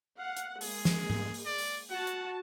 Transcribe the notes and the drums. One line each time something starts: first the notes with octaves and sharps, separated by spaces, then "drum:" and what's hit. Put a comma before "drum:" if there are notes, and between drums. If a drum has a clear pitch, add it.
F5 F#5
drum: hi-hat
G#3 A#3 G#4, drum: open hi-hat
drum: snare
drum: tom G#2
drum: open hi-hat
D5
drum: open hi-hat
F#4 F#5 A5
drum: hi-hat